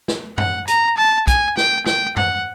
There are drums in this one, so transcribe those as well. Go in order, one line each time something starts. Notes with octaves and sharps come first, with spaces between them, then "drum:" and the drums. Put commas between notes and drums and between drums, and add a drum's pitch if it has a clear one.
drum: snare
F#5, drum: tom F#2
A#5, drum: hi-hat
A5
G#5, drum: kick, hi-hat
G5, drum: snare
G5, drum: snare
F#5, drum: tom F#2